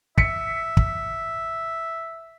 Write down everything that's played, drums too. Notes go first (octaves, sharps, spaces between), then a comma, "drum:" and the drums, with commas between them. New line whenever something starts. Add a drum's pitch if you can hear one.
E5 B6 C#7, drum: kick
drum: kick